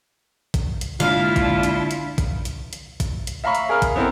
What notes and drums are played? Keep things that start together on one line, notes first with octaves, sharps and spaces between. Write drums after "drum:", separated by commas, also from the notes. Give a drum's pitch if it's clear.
drum: kick, hi-hat
drum: hi-hat
D3 G#3 A#3 D4 E4 F4 F5
drum: kick, hi-hat
drum: hi-hat
drum: hi-hat
drum: kick, hi-hat
drum: hi-hat
drum: hi-hat
drum: kick, hi-hat
drum: hi-hat
E5 F5 A#5 B5 C#6
drum: hi-hat
G#4 A#4 F5 F6
drum: kick, hi-hat
B3 C4 E4 A4 A#4